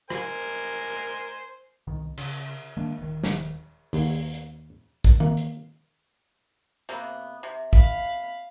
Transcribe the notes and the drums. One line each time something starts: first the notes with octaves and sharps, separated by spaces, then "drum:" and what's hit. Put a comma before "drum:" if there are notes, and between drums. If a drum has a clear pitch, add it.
A#4 C5 G#5, drum: rim click
C2 B2 D#3
C#3, drum: cymbal
D#3 G#3 A#3 D4
D#1 D#3
drum: snare
D#2, drum: open hi-hat
drum: hi-hat
drum: kick
A#3, drum: tom D#3
drum: hi-hat
C3 A#3 B3, drum: hi-hat
C3
F5 B5, drum: kick